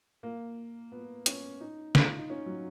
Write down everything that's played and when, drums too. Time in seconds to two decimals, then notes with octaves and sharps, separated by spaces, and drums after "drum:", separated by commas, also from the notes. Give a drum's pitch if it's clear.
0.23 A#3
0.92 B3
1.26 C#4, drum: hi-hat
1.61 D#4
1.95 F4, drum: snare
2.18 D#4
2.30 C#4
2.46 F#3